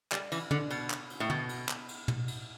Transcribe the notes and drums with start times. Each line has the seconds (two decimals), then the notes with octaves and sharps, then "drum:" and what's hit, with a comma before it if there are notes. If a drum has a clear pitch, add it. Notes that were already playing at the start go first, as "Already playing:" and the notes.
0.12 G3, drum: clap
0.32 E3, drum: cymbal
0.51 D3, drum: tom
0.70 B2, drum: cymbal
0.90 drum: clap
1.10 drum: cymbal
1.20 A2
1.30 B2, drum: tom
1.49 drum: cymbal
1.69 drum: clap
1.88 drum: cymbal
2.08 drum: tom
2.28 drum: cymbal